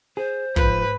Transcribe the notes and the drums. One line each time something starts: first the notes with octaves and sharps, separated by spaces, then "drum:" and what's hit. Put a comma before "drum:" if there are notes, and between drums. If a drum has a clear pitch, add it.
G#4 C5
G#2 F3 B4, drum: kick